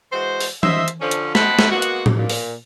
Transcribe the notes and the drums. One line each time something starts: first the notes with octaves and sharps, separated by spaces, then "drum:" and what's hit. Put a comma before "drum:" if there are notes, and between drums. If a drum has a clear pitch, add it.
E3 G#3 F#4 C5
drum: open hi-hat
F4 C5 D#5 E5, drum: tom
drum: hi-hat
D3 F3 C#4
drum: hi-hat
C5 D#5 F#5 G5 A5 B5, drum: snare
drum: snare
G#3 A#3 B3 F#4
drum: hi-hat
drum: tom A2
A#2
drum: open hi-hat